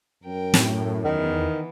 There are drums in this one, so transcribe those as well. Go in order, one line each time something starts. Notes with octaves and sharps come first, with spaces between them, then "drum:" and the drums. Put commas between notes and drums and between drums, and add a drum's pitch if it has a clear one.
F#2 A#4 G5
A2, drum: snare
E2 D#3 E3 B3